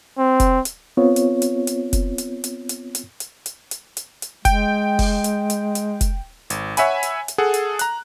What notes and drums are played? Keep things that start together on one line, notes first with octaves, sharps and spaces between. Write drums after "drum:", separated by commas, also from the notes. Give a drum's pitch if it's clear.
C4
drum: kick F1, hi-hat
drum: hi-hat
B3 C4 F4 C#5
drum: hi-hat
drum: hi-hat
drum: hi-hat
drum: kick F1, hi-hat
drum: hi-hat
drum: hi-hat
drum: hi-hat
drum: hi-hat
drum: hi-hat
drum: hi-hat
drum: hi-hat
drum: hi-hat
drum: hi-hat
G#3 G5, drum: kick F1, hi-hat
drum: kick F1, open hi-hat
drum: hi-hat
drum: hi-hat
drum: hi-hat
drum: kick F1, hi-hat
G#1, drum: hi-hat
C#5 E5 F#5 G#5 B5, drum: hi-hat
drum: hi-hat
drum: hi-hat
G#4 A4 F#5
drum: hi-hat
A#5 F#6, drum: hi-hat